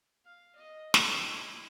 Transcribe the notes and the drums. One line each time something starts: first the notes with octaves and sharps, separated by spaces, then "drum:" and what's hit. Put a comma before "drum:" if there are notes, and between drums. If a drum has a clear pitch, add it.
F5
D#5
G4, drum: snare
E4